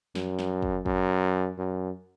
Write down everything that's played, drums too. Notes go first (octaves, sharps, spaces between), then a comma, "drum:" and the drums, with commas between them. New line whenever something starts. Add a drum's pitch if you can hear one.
F#2, drum: snare
drum: snare
drum: kick
F#2, drum: kick
F#2